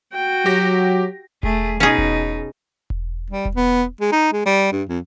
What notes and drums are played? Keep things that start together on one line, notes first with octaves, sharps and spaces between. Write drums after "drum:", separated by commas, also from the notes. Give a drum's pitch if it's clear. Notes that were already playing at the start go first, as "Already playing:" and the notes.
F#4 G5
F#3 G4 A#6
A3 G#4, drum: kick E1
B2 C#4 D#4 G#4
drum: kick E1
drum: kick E1
G3
drum: kick E1
B3
G#3
D#4
G#3
G3
G2
F2